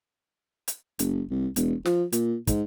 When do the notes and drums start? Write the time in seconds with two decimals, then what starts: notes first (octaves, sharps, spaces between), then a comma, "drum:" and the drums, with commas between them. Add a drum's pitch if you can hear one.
0.68 drum: hi-hat
0.99 F#1, drum: hi-hat
1.30 C2
1.56 E1, drum: hi-hat
1.85 F3, drum: snare
2.13 A#2, drum: hi-hat
2.47 G#2, drum: kick, hi-hat